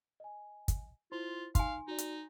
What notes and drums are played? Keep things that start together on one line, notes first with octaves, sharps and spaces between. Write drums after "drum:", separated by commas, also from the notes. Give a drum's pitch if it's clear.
D#5 G#5
drum: kick, hi-hat
E4 F4 C5 C6
D#4 F5 G#5 C6, drum: kick, hi-hat
D#4 F#4 D5
drum: hi-hat